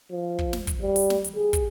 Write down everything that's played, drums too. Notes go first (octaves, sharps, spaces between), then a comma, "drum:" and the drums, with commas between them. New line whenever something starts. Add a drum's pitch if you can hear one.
F3
drum: kick
drum: snare
drum: kick, hi-hat
G3
drum: open hi-hat
drum: snare
drum: hi-hat
G#4
drum: kick, hi-hat